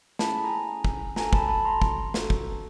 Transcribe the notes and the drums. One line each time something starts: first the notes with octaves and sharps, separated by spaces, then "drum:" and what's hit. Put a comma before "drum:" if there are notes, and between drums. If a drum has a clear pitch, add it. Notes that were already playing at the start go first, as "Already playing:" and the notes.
A3 C#4 E4 G#4 A5 B5, drum: snare
G#5 A#5
drum: kick
D4 F#4 A4 G#5 A#5, drum: snare
A5 B5, drum: kick
A5 B5
A#5 C6
drum: kick
D4 F#4 A4, drum: snare
drum: kick